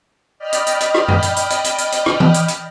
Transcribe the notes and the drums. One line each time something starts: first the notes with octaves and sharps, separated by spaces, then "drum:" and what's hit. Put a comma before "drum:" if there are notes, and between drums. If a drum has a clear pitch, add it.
D5 D#5 G5 B5 F6
drum: hi-hat
drum: hi-hat
drum: hi-hat
drum: rim click
drum: tom F#2
drum: hi-hat
drum: hi-hat
drum: hi-hat
drum: hi-hat
drum: hi-hat
drum: hi-hat
drum: rim click
drum: tom E3
drum: hi-hat
drum: hi-hat